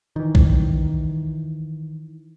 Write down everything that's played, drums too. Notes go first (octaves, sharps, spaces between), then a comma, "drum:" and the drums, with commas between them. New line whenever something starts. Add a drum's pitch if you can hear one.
D#3 E3
drum: kick A#1